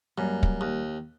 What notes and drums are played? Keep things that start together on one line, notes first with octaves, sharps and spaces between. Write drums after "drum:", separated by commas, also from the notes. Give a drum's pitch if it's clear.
F#2 G3 A#3
drum: kick
D#2